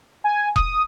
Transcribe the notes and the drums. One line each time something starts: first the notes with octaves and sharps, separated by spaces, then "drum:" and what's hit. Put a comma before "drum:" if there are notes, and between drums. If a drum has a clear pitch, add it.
G#5
D#6, drum: kick E1